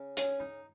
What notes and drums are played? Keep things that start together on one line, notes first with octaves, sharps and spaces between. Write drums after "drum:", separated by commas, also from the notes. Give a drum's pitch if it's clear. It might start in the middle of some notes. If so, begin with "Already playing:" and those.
Already playing: C#3
C#4, drum: hi-hat
D#4